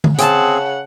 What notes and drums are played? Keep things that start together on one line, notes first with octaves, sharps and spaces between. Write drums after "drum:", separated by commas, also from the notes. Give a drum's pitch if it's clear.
drum: tom D3
C#3 C4 G#4 F#5 G5 A5, drum: hi-hat